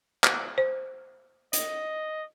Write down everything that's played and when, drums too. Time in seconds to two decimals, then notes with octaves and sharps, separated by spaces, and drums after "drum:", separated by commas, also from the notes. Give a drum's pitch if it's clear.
0.24 drum: clap
0.58 C5
1.53 D#5, drum: hi-hat